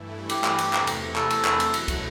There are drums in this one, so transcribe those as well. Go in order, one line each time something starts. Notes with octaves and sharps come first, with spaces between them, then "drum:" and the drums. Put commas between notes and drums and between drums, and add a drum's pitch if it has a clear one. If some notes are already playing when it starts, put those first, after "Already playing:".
Already playing: G2 E3 A3 E4
G4, drum: cymbal
drum: clap
drum: cymbal
E2 C3 E3 A3, drum: clap
drum: cymbal
A4, drum: clap
drum: cymbal
drum: clap
B2 F#3 A3 E4, drum: cymbal
drum: cymbal
drum: kick, cymbal